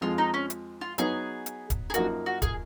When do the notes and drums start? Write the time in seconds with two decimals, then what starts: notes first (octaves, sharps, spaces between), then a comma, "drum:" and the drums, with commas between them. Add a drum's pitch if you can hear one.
0.01 F2 F3 G#3 F4
0.18 D#4
0.34 C#4
0.50 drum: hi-hat
0.81 F4
0.98 F#3 B3 D#4 G#4, drum: hi-hat
1.46 drum: hi-hat
1.70 drum: kick, hi-hat
1.90 G#4
1.94 F#2 F3 A#3 D#4 F#4 A#4, drum: hi-hat
2.26 F#4
2.42 G#4, drum: kick, hi-hat